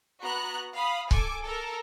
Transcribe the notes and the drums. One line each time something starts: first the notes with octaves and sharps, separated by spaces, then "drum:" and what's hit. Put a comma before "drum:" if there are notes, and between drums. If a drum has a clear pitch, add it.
B3 F#4 A#5 F#6
F5 B5 D#6
A4 G#5 D6, drum: kick C#1
A4 A#4